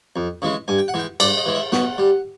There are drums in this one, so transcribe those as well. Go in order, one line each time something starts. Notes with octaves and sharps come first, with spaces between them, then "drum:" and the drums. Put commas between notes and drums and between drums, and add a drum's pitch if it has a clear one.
F2
C#3 E3 G#3
G2 G#5
G5
F#5
E3 G#3 G5
G2 D5, drum: cymbal
D#5
E3 G#3
E5
B2 F#5, drum: snare
G3